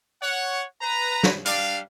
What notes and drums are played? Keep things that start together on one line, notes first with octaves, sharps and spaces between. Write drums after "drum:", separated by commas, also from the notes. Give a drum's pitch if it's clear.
C#5 F#5
B4 A#5
drum: snare
G3 D4 F5, drum: hi-hat